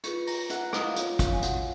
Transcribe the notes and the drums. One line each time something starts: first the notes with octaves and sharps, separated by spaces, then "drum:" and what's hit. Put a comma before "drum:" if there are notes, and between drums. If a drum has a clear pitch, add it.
F4 G#4 B4 C#6 C#7, drum: hi-hat
A#5 A#6, drum: open hi-hat
F#5 F#6, drum: hi-hat
D#5 D#6, drum: rim click
F5
F4 A#4 C#5, drum: hi-hat
F5, drum: kick, hi-hat
G#5
F#4 F#5, drum: hi-hat